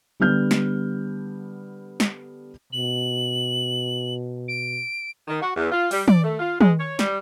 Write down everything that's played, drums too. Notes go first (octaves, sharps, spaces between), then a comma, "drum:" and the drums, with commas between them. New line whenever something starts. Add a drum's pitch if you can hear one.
D3 G3 B3 F6 G6
drum: snare
drum: snare
B2 F#7
D7
D#3
F#4
E2
F4
G3, drum: open hi-hat
D5, drum: tom
A3
F4
G#3, drum: tom
C#5
G3, drum: snare